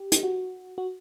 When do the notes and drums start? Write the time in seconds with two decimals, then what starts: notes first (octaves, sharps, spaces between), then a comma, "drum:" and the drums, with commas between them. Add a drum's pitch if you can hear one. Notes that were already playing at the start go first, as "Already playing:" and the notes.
Already playing: G4
0.12 drum: hi-hat
0.23 F#4
0.78 F#4